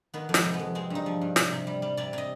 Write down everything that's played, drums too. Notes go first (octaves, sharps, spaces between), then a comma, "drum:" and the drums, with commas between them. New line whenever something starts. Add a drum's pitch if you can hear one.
D#3 B3
F2
G#3, drum: snare
C3
B3
F2
G#3 C4
G2 D#4
F3
G2
C3, drum: snare
C3
G3
G3
C3 D5
C3 D#5